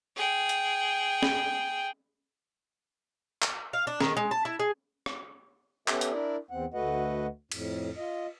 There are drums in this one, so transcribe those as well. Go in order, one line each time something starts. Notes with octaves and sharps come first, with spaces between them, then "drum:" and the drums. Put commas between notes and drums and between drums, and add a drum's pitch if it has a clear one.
G#4 G5
drum: hi-hat
drum: snare
drum: clap
F5
D4
D#3, drum: snare
G#3
A5
E4
G#4
drum: rim click
B3 C#4 G4 A4 E5, drum: clap
drum: hi-hat
D4 E4 A#4 D5
E2 C4 F#5
D2 A3 F#4 B4 D#5 F#5
F2 A2, drum: cymbal
F4 D#5